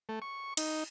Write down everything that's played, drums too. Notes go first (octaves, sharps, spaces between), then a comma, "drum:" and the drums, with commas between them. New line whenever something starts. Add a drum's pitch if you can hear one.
A3
C#6
D#4, drum: cymbal